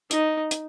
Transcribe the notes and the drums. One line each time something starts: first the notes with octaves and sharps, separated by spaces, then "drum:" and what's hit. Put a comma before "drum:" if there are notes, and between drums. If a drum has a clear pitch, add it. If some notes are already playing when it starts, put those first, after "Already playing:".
D#4, drum: hi-hat
drum: hi-hat